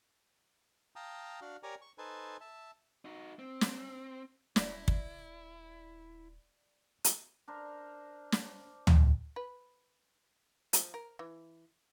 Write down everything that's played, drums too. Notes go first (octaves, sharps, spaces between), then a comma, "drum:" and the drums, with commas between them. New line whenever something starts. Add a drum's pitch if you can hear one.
F5 G5 A5 A#5 D#6
D4 F#4 F5
G4 A#4 C#5 D5 G#5 A#5
C#6
D#4 A4 B4 C5 G#5
E5 A5
D#4 F#4
C4
drum: snare
D#1 E4 D5 A#6, drum: snare
drum: kick
drum: hi-hat
D4 A#4 C5
drum: snare
drum: tom
B4
F3, drum: hi-hat
A#4
E3